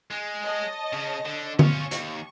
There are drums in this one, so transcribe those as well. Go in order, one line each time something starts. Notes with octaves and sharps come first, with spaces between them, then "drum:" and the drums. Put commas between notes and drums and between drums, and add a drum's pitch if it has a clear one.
G#3
C#5 D#5 A5
C#3
D3
C#4 F4 C#6, drum: tom D3
D#2, drum: hi-hat